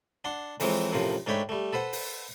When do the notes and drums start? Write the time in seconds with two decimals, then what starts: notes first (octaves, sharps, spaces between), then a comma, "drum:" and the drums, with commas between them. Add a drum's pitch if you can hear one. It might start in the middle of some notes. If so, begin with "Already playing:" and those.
0.25 D4 F#5 C6
0.60 F2 E3 F#3 G#3 C4, drum: open hi-hat
0.92 F#2 A2 C3 F3
1.27 G#2 A3 D4 C#5 G5 B5
1.49 G3 A3
1.73 A4 B4 C5 F#5
1.93 drum: open hi-hat